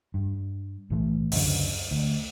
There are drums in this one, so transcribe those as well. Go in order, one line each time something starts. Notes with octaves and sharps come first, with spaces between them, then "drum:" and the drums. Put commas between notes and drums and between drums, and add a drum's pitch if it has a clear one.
G2
B1 A2 E3 A3
C#2 F#2 D3, drum: open hi-hat
D2